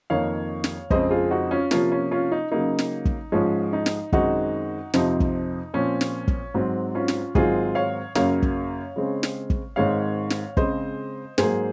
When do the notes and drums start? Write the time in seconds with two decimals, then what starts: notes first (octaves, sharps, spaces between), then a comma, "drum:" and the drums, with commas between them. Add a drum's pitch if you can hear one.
0.10 F2 D#3 A#3 C#5 F5
0.64 drum: snare
0.90 F2 C#3 G#3 C4 C5 D#5, drum: kick
1.10 F4 G#4
1.31 D#4 F#4
1.51 C#4 F4
1.71 C3 F3 A#3 C#4 F4, drum: snare
1.92 C#4
2.11 C#4 F4
2.32 D#4
2.52 C#3 F#3 A#3 D#4
2.79 drum: snare
3.05 drum: kick
3.32 G#2 F3 G#3 C#4
3.73 D#4
3.86 drum: snare
4.12 F#2 D#3 G#3 C4 D#4 F#4, drum: kick
4.94 F2 C3 F3 C4 D#4, drum: snare
5.20 drum: kick
5.74 A#2 F3 C4 C#4
6.01 drum: snare
6.28 drum: kick
6.54 G#2 F#3 C4
6.95 C#4 F4
7.08 drum: snare
7.35 G#2 D#3 F#3 C4 F4 G#4, drum: kick
7.75 C#5 F5
8.15 F#2 C#3 F#3 A#3 C#5 F5, drum: snare
8.42 drum: kick
8.96 C#3 G#3 C4
9.23 drum: snare
9.50 drum: kick
9.76 G#2 D#3 G#3 C4 C#5 F5
10.30 drum: snare
10.57 C#3 G#3 C4 C5 D#5, drum: kick
11.38 G#2 F#3 A#3 G#4 C5, drum: snare